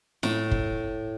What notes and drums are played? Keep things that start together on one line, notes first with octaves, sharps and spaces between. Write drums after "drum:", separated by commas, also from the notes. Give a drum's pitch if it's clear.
A2, drum: snare
drum: kick